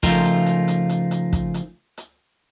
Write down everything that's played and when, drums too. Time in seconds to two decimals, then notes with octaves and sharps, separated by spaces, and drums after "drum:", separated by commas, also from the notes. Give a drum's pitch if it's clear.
0.03 C#3 F3 A3 D#4 F4 A#4, drum: kick, hi-hat
0.24 drum: hi-hat
0.46 drum: hi-hat
0.68 drum: hi-hat
0.89 drum: hi-hat
1.11 drum: hi-hat
1.33 drum: kick, hi-hat
1.54 drum: hi-hat
1.97 drum: hi-hat